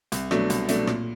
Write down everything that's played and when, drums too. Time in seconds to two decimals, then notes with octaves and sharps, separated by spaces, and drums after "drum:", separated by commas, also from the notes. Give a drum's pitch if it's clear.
0.12 C2, drum: hi-hat
0.31 B2 F#3 A3 D4, drum: rim click
0.50 C2, drum: hi-hat
0.68 B2 F#3 A3 D4, drum: hi-hat
0.87 A#2, drum: rim click